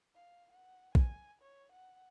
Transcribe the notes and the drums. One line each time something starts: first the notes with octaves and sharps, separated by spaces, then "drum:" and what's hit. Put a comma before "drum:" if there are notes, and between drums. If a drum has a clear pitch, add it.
F5
F#5
G#5, drum: kick
C#5
F#5